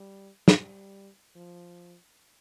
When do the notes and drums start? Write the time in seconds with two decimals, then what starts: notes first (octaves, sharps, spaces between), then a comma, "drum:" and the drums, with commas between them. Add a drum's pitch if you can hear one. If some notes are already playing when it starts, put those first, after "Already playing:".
Already playing: G3
0.48 G3, drum: snare
1.35 F3